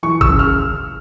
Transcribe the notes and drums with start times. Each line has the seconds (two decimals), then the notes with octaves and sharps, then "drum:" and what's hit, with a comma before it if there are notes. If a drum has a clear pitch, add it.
0.03 E3 C#6
0.21 E6, drum: kick
0.30 C#3
0.39 F6